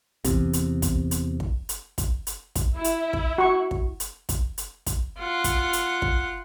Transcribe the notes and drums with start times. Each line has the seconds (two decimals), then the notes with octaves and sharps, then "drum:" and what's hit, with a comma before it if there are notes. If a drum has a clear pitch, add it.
0.25 E2 C3, drum: kick, hi-hat
0.53 drum: hi-hat
0.82 drum: kick, hi-hat
1.11 drum: hi-hat
1.40 drum: kick
1.69 drum: hi-hat
1.98 drum: kick, hi-hat
2.27 drum: hi-hat
2.55 drum: kick, hi-hat
2.73 E4 E5
2.84 drum: hi-hat
3.13 drum: kick
3.38 F#4 C#6
3.71 drum: kick
4.00 drum: hi-hat
4.29 drum: kick, hi-hat
4.58 drum: hi-hat
4.86 drum: kick, hi-hat
5.20 F4 F#5
5.44 drum: kick, hi-hat
5.73 drum: hi-hat
6.02 drum: kick